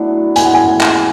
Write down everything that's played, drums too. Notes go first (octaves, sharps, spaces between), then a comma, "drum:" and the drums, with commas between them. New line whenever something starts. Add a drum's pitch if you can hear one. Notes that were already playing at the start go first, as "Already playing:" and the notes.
Already playing: A2 F#3 B3 D4
E3 G#3 B3 G#5, drum: hi-hat
F#5
G#5
drum: clap